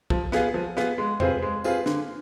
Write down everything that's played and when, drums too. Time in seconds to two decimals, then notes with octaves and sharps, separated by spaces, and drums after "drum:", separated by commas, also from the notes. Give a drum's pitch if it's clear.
0.10 F3, drum: kick
0.32 B3 F4 G#4, drum: snare
0.54 F3
0.77 B3 F4 G#4, drum: snare
0.98 G#3
1.20 C4 F4 G#4 B4, drum: tom E2
1.42 G#3
1.64 C4 F4 G#4 B4, drum: tambourine
1.86 D3, drum: snare